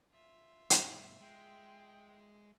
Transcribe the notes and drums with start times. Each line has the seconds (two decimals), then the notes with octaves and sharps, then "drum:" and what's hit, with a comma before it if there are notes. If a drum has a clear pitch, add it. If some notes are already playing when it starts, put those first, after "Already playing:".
0.11 F4 E5
0.70 G2 B2, drum: hi-hat
1.21 G#3 G5